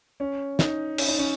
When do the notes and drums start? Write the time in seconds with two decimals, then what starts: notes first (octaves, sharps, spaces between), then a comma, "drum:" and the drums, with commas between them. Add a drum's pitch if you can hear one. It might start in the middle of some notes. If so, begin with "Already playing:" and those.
0.20 C#4
0.59 D#4, drum: snare
0.98 C#4, drum: cymbal
1.08 D#4
1.19 C#4